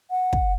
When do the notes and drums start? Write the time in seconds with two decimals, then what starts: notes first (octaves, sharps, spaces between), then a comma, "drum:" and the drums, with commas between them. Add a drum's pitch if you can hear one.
0.10 F#5
0.33 drum: kick